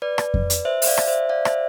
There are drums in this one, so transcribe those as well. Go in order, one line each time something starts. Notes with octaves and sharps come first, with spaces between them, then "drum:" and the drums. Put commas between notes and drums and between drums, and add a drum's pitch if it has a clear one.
B4 D5
drum: rim click
drum: kick F2
drum: hi-hat
C5 E5
E5, drum: open hi-hat
D5 F5
drum: rim click
C5 E5
D5 F5
C5 E5, drum: rim click